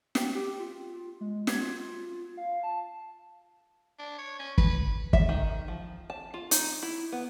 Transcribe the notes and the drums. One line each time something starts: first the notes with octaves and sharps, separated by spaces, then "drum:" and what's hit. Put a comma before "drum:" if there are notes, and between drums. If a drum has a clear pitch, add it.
G5, drum: snare
G4
F4
G#3
G#6, drum: snare
F4
F5
A5
D4
C#5
C#4
B4, drum: kick
E5, drum: kick
D#3
F3
A5
F4
D#4, drum: hi-hat
E4
B3